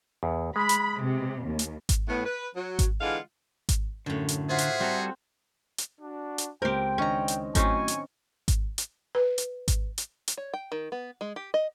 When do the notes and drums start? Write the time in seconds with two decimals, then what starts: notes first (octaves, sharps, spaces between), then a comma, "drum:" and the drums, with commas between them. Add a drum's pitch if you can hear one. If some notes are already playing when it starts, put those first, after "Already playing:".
0.23 E2
0.56 G#3 B5
0.69 drum: hi-hat
1.03 C3
1.45 D#2
1.59 drum: hi-hat
1.89 drum: kick G#1, hi-hat
2.08 A2 B3
2.25 B4
2.55 F#3
2.79 drum: kick G#1, hi-hat
3.01 D3 E3 G#3 F4 F5 F#5
3.69 drum: kick G#1, hi-hat
4.06 F#2 A2 D3
4.28 drum: hi-hat
4.49 F4 F#4 G#4 C5 E5 F#5
4.58 drum: hi-hat
4.81 G3 C4 F#4 A4 A#5
5.78 drum: hi-hat
6.00 D4 F#4
6.38 drum: hi-hat
6.62 C#2 C4 G4 A#4 C5 G5 G6
6.98 D#3 C#4 D4 D#5 A#5
7.28 drum: hi-hat
7.55 A2 F#3 C4 C#4 D#4 G#5 C#6, drum: kick G#1, hi-hat
7.88 drum: hi-hat
8.48 drum: kick G#1, hi-hat
8.78 drum: hi-hat
9.15 B4
9.38 drum: hi-hat
9.68 drum: kick G#1, hi-hat
9.98 drum: hi-hat
10.28 drum: hi-hat
10.37 C#5
10.54 G5
10.72 D#3
10.92 B3
11.21 G#3
11.36 G4
11.54 D#5